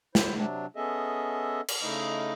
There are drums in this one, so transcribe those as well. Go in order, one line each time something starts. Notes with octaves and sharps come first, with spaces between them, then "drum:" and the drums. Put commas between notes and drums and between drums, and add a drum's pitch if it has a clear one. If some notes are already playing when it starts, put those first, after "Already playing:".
E4 C5, drum: snare
C3 F#3 D4
B3 C#4 G#4 A4 D#5 E5
drum: cymbal
C#3 A3 D#4 E4 D#5